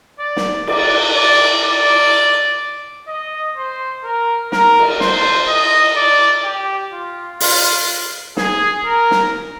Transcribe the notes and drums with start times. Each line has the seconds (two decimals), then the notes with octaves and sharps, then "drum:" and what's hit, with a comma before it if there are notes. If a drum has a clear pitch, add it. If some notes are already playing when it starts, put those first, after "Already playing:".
0.19 D5
0.37 drum: snare
0.67 D5, drum: cymbal
1.15 D5
1.63 D5
3.08 D#5
3.56 C5
4.04 A#4
4.52 A#4, drum: snare
4.79 drum: cymbal
5.00 C5, drum: snare
5.48 D#5
5.96 D5
6.44 G4
6.92 F4
7.40 F4, drum: open hi-hat
8.37 G#4, drum: snare
8.85 A#4
9.11 drum: snare